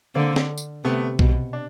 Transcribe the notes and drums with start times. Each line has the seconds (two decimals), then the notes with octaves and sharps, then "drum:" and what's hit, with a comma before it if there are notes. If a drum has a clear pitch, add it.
0.15 D3 A#3 C4
0.36 drum: snare
0.58 drum: tambourine
0.84 C3 A3 B3
1.19 B2, drum: kick B1
1.53 D4